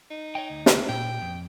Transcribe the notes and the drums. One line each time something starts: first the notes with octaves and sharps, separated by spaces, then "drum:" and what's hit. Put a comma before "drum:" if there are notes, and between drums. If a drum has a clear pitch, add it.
D#4
C#5 D#5 G5
D2
drum: snare
A#2 G5
F2